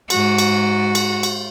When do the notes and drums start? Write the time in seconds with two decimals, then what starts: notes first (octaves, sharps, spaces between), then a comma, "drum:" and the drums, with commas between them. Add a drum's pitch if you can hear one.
0.10 G#2 F#4, drum: cymbal
0.38 drum: cymbal
0.95 drum: cymbal
1.23 drum: cymbal